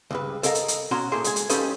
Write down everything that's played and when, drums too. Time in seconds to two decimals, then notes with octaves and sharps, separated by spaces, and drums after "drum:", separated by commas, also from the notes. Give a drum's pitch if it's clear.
0.11 C#2 G2 B4
0.43 A4 A#4 D#5 F5 G#5 A#5, drum: hi-hat
0.55 drum: hi-hat
0.68 drum: hi-hat
0.91 B2 C#4 F#4 C#5 A#5 C6
1.12 A2 A#3 G#4 A4 C6
1.24 G#3 G#5, drum: hi-hat
1.36 drum: hi-hat
1.49 F3 C#4 D#4 G4 A4 B4, drum: hi-hat